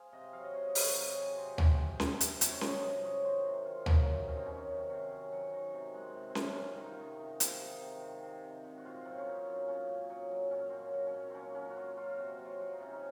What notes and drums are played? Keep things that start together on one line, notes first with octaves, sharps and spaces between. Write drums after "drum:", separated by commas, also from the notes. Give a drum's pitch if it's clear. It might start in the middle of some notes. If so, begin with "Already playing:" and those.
Already playing: G#4 C5 F5
C3 D#5
F#3 F5
D#5
C3 C#5
D#5
C3 C#5, drum: open hi-hat
F#3
C3 G#4
C3 C5
C3, drum: tom
C3
C3, drum: snare C#4
C3, drum: hi-hat
C3 C#5, drum: hi-hat
F#3 D#5, drum: snare C#4
C3 D#5
F#3 C#5
D#3 C5
C3
D#3 F4
F#3 D#4, drum: tom
C3
D#3 C#4
C4
F#3 C#4
C3
C3
F#3
F#3
D#3
C3
G#3
C3
C4
C3 C#4, drum: snare C#4
D#3
F4
D#3 D#4
C3
C3
C3, drum: hi-hat
D#3
C3
C3
C3
C3
C3
F#4
A#2 F4
F#3 C4
C#4
A#2 D#4
F#3
A#2 C#4
A#2
F#3
F#3
A#2 C#4
F#3 C4
C#4
F#3
C#4
A#2
F#3 C4 C#4
F#3 C#4
F#4
F#3 F4
F#3 F4
C3 F#4
F#3
F4
F#3
D#4
C3 C#4
D#4